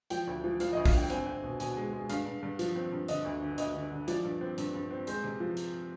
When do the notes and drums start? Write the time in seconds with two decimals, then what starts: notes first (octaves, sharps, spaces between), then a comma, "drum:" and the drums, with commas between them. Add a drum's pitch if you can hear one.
0.10 F3 G5, drum: hi-hat
0.27 D2
0.44 F3
0.60 F3 F5, drum: hi-hat
0.73 D#5
0.77 D2
0.86 F5, drum: kick, open hi-hat
0.93 D3 G5
1.10 C4 G#5, drum: hi-hat
1.26 C4
1.43 B2
1.60 B2 G#5, drum: hi-hat
1.76 G#3
1.93 G#3
2.10 G2 F5, drum: hi-hat
2.25 G2
2.43 G2
2.59 F3, drum: hi-hat
2.75 C4
2.92 G2
3.08 D3 D#5, drum: hi-hat
3.25 D2
3.42 D3
3.58 D2 D#5, drum: hi-hat
3.74 D3
3.91 D3
4.08 F3 D5, drum: hi-hat
4.24 G2
4.41 C4
4.58 G2, drum: hi-hat
4.74 G2
4.91 C4
5.07 G#3 C5, drum: hi-hat
5.24 C3
5.40 F3
5.57 drum: hi-hat